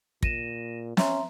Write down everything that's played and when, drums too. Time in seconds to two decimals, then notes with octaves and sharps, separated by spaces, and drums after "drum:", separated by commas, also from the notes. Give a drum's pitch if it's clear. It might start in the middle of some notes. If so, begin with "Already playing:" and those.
0.23 A#2 A#6 D#7 E7, drum: kick
0.97 C#4 E5 A#5 C6, drum: snare